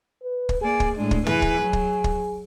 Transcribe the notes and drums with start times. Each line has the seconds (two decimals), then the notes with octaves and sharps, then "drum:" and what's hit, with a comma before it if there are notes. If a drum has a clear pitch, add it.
0.22 B4
0.49 drum: kick
0.62 A#3 G#4 D5
0.80 drum: kick
0.97 A2 G#3 D4
1.11 drum: kick
1.27 E3 G#4 B4, drum: tom
1.42 drum: kick
1.61 F#3
1.73 drum: kick
2.04 drum: kick